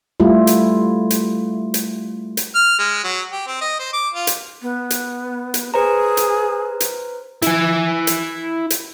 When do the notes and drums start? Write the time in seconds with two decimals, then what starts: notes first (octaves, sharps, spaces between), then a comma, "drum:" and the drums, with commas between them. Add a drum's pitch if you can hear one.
0.20 G3 A3 E4 F4
0.47 drum: hi-hat
1.11 drum: hi-hat
1.74 drum: hi-hat
2.37 drum: hi-hat
2.55 F6
2.79 G#3
3.04 F#3
3.32 G4
3.47 C4
3.61 D#5
3.79 C5
3.93 D6
4.14 F4
4.27 drum: hi-hat
4.62 B3
4.90 drum: hi-hat
5.54 drum: hi-hat
5.74 G#4 B4 C5 A#5
6.17 drum: hi-hat
6.80 drum: hi-hat
7.42 E4 G#5, drum: hi-hat
8.07 drum: hi-hat
8.70 drum: hi-hat